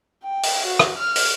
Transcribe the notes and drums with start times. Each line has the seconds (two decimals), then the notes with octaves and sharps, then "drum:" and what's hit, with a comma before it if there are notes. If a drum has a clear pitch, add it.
0.23 G5
0.43 drum: open hi-hat
0.66 F#4
0.79 drum: rim click
0.98 F6
1.16 drum: open hi-hat